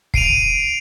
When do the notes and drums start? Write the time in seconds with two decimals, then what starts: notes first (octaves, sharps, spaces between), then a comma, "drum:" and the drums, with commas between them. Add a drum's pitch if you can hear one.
0.14 C7 D7 D#7 F7, drum: kick